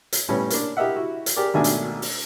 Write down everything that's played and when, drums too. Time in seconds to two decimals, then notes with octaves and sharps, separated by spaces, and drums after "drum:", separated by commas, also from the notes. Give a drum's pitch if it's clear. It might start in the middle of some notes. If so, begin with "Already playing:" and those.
0.12 drum: hi-hat
0.29 A2 G3 B3 C#4
0.50 A#3 D4, drum: hi-hat
0.77 E4 G4 A#4 D#5 E5 F#5
0.96 E4 F#4
1.26 drum: hi-hat
1.36 G4 G#4 A#4 D5
1.54 G#1 B2 D#3 A3 D4 G#5
1.64 drum: hi-hat
2.02 drum: open hi-hat